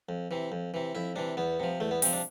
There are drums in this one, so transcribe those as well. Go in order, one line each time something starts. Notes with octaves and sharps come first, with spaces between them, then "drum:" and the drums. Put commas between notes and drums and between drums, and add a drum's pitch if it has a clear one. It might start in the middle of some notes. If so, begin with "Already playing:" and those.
F2
C3 E3
F2
C3 E3
F2 E4
C3 E3 D4
E2 B3
C3 F3
E2 A3
B3
C3 F3 C4, drum: open hi-hat
D4